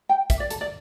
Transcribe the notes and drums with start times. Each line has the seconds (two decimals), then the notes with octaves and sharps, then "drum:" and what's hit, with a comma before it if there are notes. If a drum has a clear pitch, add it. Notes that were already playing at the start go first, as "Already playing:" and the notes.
0.09 G5
0.30 E5, drum: kick, hi-hat
0.40 D5
0.51 A4, drum: hi-hat
0.61 D5